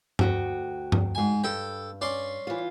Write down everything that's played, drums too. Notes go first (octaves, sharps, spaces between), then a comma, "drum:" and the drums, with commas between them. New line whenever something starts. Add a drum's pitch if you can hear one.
D2 F#4 G5, drum: tom G2
drum: tom G2
G#2 G#5
G2 A4 G5
C#4 D5 C6
E3 F4